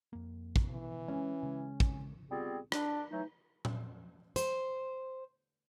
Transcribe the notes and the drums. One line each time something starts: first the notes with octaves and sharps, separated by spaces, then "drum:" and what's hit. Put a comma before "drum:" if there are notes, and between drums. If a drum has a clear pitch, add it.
F2 A#3
drum: kick
B2 E3
G#3 C#4
C#3 G#3
drum: kick
G3 B3 C4 F4 G#4
D4, drum: rim click
E3 F#3 A3 D#4
drum: tom A#2
C5, drum: hi-hat